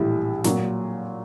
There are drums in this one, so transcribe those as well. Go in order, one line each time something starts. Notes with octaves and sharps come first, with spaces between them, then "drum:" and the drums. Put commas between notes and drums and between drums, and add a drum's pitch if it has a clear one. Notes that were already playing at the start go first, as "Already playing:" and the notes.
Already playing: A#1 A2 E3 G3 E4
A#2 F#3, drum: snare